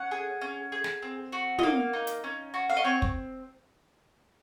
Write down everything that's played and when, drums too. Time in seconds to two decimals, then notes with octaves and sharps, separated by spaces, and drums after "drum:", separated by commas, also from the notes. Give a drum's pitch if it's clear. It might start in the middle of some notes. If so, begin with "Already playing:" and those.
Already playing: C#4 F#5
0.11 G#4
0.41 C#4
0.72 G#4
0.84 drum: snare
1.02 C4
1.32 F#4
1.59 D#5, drum: tom
1.63 A#3 F5
1.93 D#4
2.07 drum: hi-hat
2.24 C#4
2.54 F#4
2.70 F5
2.77 D#5
2.84 C4 C#5
3.02 drum: kick